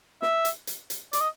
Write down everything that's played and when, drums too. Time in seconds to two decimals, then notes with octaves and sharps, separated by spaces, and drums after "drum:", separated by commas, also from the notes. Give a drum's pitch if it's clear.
0.22 E5, drum: snare
0.45 drum: hi-hat
0.67 drum: hi-hat
0.90 drum: hi-hat
1.13 D5, drum: hi-hat
1.20 D#5